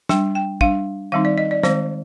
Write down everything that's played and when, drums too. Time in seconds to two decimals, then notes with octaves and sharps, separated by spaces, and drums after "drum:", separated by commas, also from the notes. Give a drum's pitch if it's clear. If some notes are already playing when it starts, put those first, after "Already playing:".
0.09 G3 D4 G5, drum: snare
0.35 G5
0.61 G3 D4 F5, drum: kick
1.12 D#3 G3 C4 D#4 F5
1.25 D5
1.38 D#5
1.51 D5
1.63 D#3 G#3 C4 C5, drum: snare